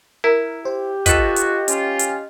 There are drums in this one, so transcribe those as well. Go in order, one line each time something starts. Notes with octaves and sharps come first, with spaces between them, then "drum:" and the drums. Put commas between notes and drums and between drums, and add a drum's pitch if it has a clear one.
E4 A#4
G4 C5
F4 F#4 A4 B4 D#5 G5, drum: kick, hi-hat
drum: hi-hat
C#4 F4, drum: hi-hat
drum: hi-hat